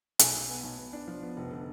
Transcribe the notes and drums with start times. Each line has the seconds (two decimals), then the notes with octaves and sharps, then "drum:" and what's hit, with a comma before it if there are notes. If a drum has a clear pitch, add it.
0.19 B1 G#5, drum: hi-hat
0.34 B1
0.49 B3
0.64 B1
0.78 B3
0.93 D4
1.08 F3
1.23 B3
1.37 F1
1.51 D3